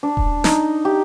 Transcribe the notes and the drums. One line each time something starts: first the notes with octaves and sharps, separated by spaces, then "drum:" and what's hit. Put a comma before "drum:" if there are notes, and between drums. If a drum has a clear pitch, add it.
D4
drum: kick D#1
D#4, drum: snare
G4